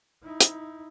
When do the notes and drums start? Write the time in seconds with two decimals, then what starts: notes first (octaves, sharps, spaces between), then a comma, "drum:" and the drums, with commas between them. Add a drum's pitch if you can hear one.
0.22 D#4 E4
0.41 drum: hi-hat